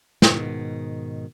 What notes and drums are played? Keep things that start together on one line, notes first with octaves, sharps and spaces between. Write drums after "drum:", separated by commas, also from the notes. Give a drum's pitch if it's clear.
G#2 B2 D#3, drum: snare